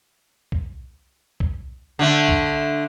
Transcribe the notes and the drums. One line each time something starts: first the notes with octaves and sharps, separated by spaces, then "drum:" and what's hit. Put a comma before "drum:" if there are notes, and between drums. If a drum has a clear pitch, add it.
drum: kick B1
drum: kick B1
D3 A3
drum: kick B1